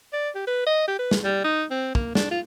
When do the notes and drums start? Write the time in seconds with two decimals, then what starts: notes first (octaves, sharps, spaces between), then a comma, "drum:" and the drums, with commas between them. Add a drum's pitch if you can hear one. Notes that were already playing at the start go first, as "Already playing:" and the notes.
0.13 D5
0.35 G4
0.47 B4
0.66 D#5
0.88 G4
0.99 B4
1.11 drum: snare
1.24 G3
1.44 D#4
1.70 C4
1.95 A#3, drum: kick
2.15 D4, drum: snare
2.31 F4